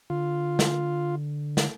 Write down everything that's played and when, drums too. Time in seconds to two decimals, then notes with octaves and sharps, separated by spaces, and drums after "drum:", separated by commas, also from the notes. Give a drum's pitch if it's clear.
0.10 D3 F4
0.59 drum: snare
1.57 drum: snare